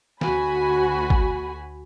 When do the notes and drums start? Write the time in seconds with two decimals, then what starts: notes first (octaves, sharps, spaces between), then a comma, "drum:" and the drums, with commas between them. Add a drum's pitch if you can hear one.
0.21 D2 F#4 G#5 B5, drum: snare
1.10 drum: kick G#1